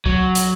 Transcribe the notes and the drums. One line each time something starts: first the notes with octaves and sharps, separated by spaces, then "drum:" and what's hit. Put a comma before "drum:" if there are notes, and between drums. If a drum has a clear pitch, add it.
F#3, drum: kick
drum: hi-hat